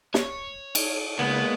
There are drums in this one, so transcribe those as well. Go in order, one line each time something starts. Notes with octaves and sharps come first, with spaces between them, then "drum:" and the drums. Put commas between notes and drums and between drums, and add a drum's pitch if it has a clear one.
C#5, drum: snare
drum: cymbal
C#2 G#3 A#3 B3